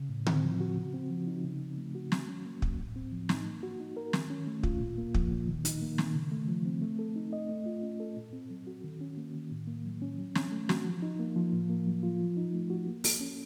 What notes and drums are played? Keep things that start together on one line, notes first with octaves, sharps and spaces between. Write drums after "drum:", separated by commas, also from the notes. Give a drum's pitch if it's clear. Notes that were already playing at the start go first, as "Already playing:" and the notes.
Already playing: C#3
A2
C4, drum: tom D3
F3
F#4
C#3
C4
F3
D#4
C#3
C4
A3
F#4
F#3, drum: snare
C#4
A#3
F#3, drum: kick
A2
C4
F3
D#4, drum: snare
A#3
F#4
D#4
A#4
D#3, drum: snare
C#4
A3
F4, drum: kick
A#2
A#3
F3, drum: kick
A#2
D#3
D#4, drum: hi-hat
A#3
D#3, drum: snare
C#3
A3
F3
C4
A3
A4
D#4
D#5
A3
F4
C#4
A4
A#2
C4
F#3
F#4
D#3
C#4
A#3
D#3
A2
A#3
F#3
C#4
F#3
C#4, drum: snare
A3
F#4, drum: snare
F3
D#4
A#3
F3
A2
A#3
F#3
F4
F3
D#4
A3
F#4
A#3
A4, drum: open hi-hat
C#4